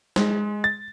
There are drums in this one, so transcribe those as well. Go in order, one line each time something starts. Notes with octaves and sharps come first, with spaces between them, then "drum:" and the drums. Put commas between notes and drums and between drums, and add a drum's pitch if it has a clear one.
G#3, drum: snare
A6